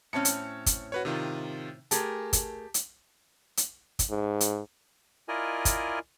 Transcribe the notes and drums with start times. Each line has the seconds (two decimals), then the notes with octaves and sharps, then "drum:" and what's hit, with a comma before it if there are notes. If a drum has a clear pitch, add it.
0.13 A2 C4 C#4 C#5 A5 C#7
0.25 drum: hi-hat
0.66 drum: kick, hi-hat
0.92 F#4 B4 C#5
1.05 C3 D#3 F4
1.91 A3 G4 G#4 A#4 A5, drum: hi-hat
2.33 drum: kick, hi-hat
2.74 drum: hi-hat
3.57 drum: hi-hat
3.99 drum: kick, hi-hat
4.10 G#2
4.41 drum: hi-hat
5.28 E4 F4 A#4 D5 D#5 G#5
5.65 drum: kick, hi-hat